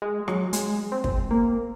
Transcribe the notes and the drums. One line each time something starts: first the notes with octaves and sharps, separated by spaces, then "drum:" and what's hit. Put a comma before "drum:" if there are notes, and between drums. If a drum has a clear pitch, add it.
G#3
F#3, drum: rim click
G#3, drum: hi-hat
C4
drum: kick
A#3